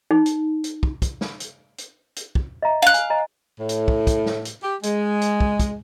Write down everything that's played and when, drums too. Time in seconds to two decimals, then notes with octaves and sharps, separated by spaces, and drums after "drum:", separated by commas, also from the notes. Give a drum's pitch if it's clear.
0.11 D#4
0.26 drum: hi-hat
0.64 drum: hi-hat
0.83 drum: kick
1.02 drum: kick, hi-hat
1.21 drum: snare
1.40 drum: hi-hat
1.78 drum: hi-hat
2.16 drum: hi-hat
2.35 drum: kick
2.62 D#5 E5 A#5
2.82 F5 F#6
2.94 G#5, drum: hi-hat
3.10 D#5 G#5 A#5
3.59 A2
3.69 drum: hi-hat
3.88 drum: kick
4.07 drum: kick, hi-hat
4.26 drum: snare
4.45 drum: hi-hat
4.63 G4
4.83 G#3, drum: hi-hat
5.21 drum: hi-hat
5.40 drum: kick
5.60 drum: kick, hi-hat